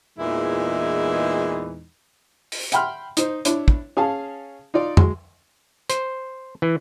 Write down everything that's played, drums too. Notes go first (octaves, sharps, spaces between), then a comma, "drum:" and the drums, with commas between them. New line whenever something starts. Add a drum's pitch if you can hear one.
E2 A#2 E3 G#3 D#4 E4
drum: open hi-hat
E5 F#5 G5 B5 C6 F6, drum: hi-hat
D#4 C5, drum: hi-hat
D4 E4 C#5, drum: hi-hat
drum: kick
C#4 G#4 F5 A5
D#4 F4 D5
F#3 G#3, drum: tom
C5, drum: hi-hat
E3